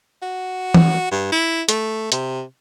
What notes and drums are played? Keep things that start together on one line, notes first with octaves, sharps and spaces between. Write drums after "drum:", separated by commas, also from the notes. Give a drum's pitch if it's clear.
F#4
drum: tom E3
G2
E4
A3, drum: hi-hat
C3, drum: hi-hat